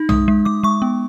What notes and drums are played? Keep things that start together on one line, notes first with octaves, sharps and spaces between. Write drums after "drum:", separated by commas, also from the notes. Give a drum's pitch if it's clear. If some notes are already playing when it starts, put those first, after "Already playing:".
Already playing: D#4
G#3 D#6, drum: tom B1
G#3
G#3 D6
G#3 C#6
B3